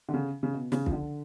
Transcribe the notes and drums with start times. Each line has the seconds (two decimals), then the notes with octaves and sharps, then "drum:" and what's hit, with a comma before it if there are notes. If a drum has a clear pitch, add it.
0.09 D3
0.14 C#3
0.43 C#3
0.53 B2
0.72 C#3, drum: snare
0.86 F3, drum: kick
0.92 D3